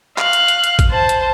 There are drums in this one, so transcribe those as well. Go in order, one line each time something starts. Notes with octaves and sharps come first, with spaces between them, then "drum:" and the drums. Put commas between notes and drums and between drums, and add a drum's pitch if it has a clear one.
F5 F#6, drum: clap
drum: hi-hat
drum: hi-hat
drum: hi-hat
drum: kick, hi-hat
C5 A5
drum: hi-hat